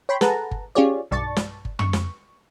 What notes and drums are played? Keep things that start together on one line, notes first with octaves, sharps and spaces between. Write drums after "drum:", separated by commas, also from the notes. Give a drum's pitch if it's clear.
C#5 G5 B5 C6
G#4 A4 B4 F#5 A5 A#5, drum: snare
drum: kick G1
C#4 F4 G4 G#4 C#5 D5
B1 G2 D5 A5 C#6 A6
drum: snare
drum: kick G1
C#6, drum: tom
drum: snare